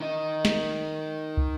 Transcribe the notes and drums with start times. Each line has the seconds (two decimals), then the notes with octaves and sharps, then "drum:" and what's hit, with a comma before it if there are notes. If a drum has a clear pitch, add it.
0.01 D#3 D#4
0.45 drum: snare
1.37 drum: kick